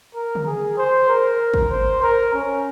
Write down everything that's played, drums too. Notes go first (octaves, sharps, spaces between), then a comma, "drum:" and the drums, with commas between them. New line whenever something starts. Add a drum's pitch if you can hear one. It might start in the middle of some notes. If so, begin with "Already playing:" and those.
A#4
drum: tom C#3
G#4
C5
A#4
drum: kick
C5
A#4
C#4